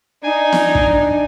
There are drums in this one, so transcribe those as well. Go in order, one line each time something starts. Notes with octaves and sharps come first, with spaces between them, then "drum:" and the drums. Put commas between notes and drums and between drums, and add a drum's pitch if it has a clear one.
D4 D#4 G#5
drum: snare
drum: kick